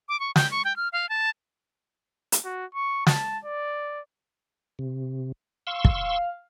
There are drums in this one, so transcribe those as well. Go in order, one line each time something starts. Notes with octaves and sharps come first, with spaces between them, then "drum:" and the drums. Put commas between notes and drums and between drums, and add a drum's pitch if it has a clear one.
D6
C#6
G5, drum: snare
C#6
G5
F6
F5
A5
drum: hi-hat
F#4
C#6
A5, drum: snare
D5
C3
F5 C6 C#6 E6
drum: kick